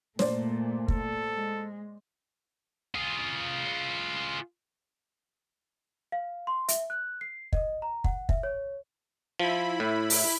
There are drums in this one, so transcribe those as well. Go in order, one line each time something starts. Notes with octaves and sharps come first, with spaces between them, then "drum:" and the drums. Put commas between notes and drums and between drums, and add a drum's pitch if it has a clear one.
A#2 A3 C5 D5, drum: snare
A4, drum: kick
G#3
F4 G#4
F5
C6
E5, drum: hi-hat
F#6
C7
D#5, drum: kick
A#5
F#5, drum: kick
E5, drum: kick
C#5
F3 E4 B5
A2
drum: open hi-hat